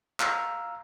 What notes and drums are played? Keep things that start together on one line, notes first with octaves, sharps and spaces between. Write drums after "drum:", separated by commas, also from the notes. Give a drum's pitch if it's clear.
F5 A#5 E6 F6, drum: clap